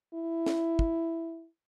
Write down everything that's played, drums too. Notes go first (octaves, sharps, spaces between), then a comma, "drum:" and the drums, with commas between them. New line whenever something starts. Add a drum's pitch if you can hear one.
E4
drum: snare
drum: kick